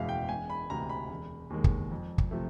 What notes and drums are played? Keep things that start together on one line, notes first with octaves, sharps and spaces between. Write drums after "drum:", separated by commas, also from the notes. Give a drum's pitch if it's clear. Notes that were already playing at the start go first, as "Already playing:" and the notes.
Already playing: F#1 E2 B2 G#3 E5 F5
G5
E1 G#5
B5
D2 C3 A#5
B5
E1
D#2 D#3 G#3
drum: kick
F2
drum: kick
C3 F3 A3